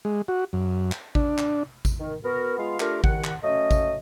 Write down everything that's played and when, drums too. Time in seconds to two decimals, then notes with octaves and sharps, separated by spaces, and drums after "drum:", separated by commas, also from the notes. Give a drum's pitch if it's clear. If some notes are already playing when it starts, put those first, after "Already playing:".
0.05 G#3
0.28 F#4
0.53 F#2
0.92 drum: clap
1.15 D4, drum: kick A1
1.38 drum: clap
1.85 drum: kick A1, tambourine
2.00 D#3
2.24 B3 F#4 A#4
2.58 G#3 B3 F4 F5
2.80 A3 D4 F4 G4 A#4, drum: clap
3.04 C2 D#3 F#5, drum: kick A1
3.24 drum: clap
3.44 F#3 A3 C#4 D#5
3.71 drum: kick A1, tambourine